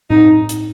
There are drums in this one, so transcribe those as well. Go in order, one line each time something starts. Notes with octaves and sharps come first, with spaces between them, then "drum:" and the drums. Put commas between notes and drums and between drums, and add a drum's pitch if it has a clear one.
D#4, drum: tom A2
drum: hi-hat